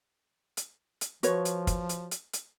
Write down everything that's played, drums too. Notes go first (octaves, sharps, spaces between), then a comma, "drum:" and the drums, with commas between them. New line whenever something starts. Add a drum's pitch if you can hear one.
drum: hi-hat
drum: hi-hat
F3 F#4 B4 C#5, drum: hi-hat
drum: hi-hat
drum: kick, hi-hat
drum: hi-hat
drum: hi-hat
drum: hi-hat